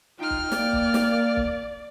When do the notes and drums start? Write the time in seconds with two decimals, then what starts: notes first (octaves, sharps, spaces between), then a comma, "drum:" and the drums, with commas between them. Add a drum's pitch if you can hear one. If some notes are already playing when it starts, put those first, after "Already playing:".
0.19 D#4 F4 G5 F6
0.30 drum: kick
0.52 A#3 D5, drum: snare
0.73 drum: kick
0.94 drum: snare
1.37 drum: kick